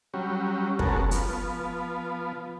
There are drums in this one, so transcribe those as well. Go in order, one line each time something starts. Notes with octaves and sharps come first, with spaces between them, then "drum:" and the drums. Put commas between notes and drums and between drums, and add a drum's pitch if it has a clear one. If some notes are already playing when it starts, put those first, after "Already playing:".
F#3 G3 C#4
G#3 B3 C#4 F#4 A4 A#4, drum: kick
F3 B3, drum: hi-hat